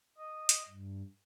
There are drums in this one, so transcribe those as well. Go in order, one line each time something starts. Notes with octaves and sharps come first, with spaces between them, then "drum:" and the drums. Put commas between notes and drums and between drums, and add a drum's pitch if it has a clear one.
D#5
drum: hi-hat
G2